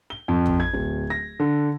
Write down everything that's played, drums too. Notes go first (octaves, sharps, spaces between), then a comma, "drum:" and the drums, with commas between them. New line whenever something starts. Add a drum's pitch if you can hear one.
G7
F2
drum: tom A1
G#6
D1
A#6
D3